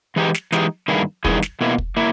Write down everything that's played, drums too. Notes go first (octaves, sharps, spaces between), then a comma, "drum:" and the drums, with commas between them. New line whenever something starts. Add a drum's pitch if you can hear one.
E3 G#3 D#4 G4
drum: snare
E3 G#3 D#4 G4, drum: snare
G2 D#3 A#3 E4 G#4
G2 D#3 A#3 E4 G#4, drum: kick
drum: snare
B2 A#3 E4
drum: kick
A#3 E4